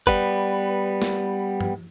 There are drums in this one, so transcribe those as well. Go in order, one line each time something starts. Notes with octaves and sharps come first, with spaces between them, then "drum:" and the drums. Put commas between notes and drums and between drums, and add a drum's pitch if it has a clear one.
G3 B3 B4, drum: kick
drum: snare
drum: tom